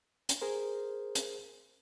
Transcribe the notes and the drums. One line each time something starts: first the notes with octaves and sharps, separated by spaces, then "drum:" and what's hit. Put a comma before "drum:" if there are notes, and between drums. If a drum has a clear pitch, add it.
drum: hi-hat
G#4 A#4 C5
drum: hi-hat